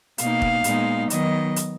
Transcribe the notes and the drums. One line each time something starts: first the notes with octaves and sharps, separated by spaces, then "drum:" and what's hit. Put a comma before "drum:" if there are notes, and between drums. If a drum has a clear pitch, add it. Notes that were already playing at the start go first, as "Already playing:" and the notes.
B2 A#3 D#4 F5, drum: hi-hat
drum: kick
A#2 G#3 B3 D#4, drum: hi-hat
D#3 F#3 B3 D#5, drum: hi-hat
drum: hi-hat